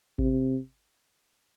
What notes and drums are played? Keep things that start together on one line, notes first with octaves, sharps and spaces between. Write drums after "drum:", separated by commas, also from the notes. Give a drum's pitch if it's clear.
C3, drum: kick G#1